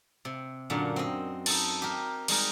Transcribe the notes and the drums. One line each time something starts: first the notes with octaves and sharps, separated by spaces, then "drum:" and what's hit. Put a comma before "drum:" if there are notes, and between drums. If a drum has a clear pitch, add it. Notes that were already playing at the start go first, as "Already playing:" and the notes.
C3
F#2 A#2 D3
C4 D#5
D#4 A4 A5, drum: cymbal
G4 A#4
G3 G#3 D#4 A#4, drum: cymbal